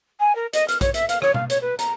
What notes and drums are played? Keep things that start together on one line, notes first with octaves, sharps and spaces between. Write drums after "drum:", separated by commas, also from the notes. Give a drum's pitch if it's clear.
G#5
A#4
D#5, drum: hi-hat
F6, drum: hi-hat
C#5, drum: kick, hi-hat
E5, drum: hi-hat
F5, drum: hi-hat
C#5, drum: rim click
F5, drum: tom
C#5, drum: hi-hat
B4
A#5, drum: hi-hat